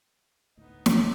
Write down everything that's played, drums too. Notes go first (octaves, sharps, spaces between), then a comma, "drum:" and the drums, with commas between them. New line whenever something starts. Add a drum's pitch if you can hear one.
D2 A2 B3 D#4
drum: snare